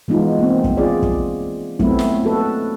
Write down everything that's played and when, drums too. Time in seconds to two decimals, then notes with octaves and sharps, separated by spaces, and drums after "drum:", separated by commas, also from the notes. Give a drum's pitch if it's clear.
0.08 E3 G#3 B3 D#4 F4
0.39 A#3 C4
0.64 drum: kick
0.77 F4 G#4 D5
1.03 drum: kick
1.79 F#3 A3 B3 C4 E4, drum: kick
1.99 drum: snare
2.24 A#3 F#4 A4 B4